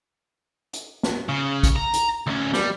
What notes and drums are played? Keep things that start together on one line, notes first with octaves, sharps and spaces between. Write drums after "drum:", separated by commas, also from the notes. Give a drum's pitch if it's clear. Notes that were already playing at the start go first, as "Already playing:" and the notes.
drum: hi-hat
drum: snare
C#3
drum: kick, hi-hat
A#5
drum: hi-hat
D2 C#4
G3, drum: snare